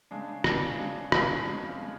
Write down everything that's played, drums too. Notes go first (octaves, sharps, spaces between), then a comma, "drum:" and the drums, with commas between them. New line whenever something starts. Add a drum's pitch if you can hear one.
C#3 G#3 D4
C#3 G#3 D4, drum: rim click
C#3 G#3 D4
C#3 G#3 D4, drum: rim click
F2 C#3 G#3
C#3 G#3